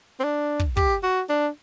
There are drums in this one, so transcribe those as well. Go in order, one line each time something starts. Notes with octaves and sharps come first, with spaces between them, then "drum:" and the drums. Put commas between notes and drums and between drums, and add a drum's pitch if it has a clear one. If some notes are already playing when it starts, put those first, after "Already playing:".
C4
D4
drum: kick
G4, drum: kick
F#4
D4